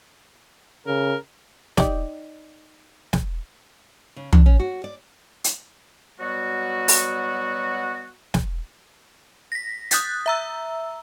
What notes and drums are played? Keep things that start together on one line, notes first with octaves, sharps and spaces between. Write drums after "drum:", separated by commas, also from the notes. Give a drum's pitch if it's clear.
C#3 A#4
D#4 G4 D5, drum: snare
drum: snare
C#3
D4, drum: tom
C#4
F#4
D5
drum: hi-hat
B2 F#3 G3 B3 F#4
drum: open hi-hat
drum: snare
A#6 B6
D#6 F#6 G6 A6 B6, drum: hi-hat
E5 A#5 E6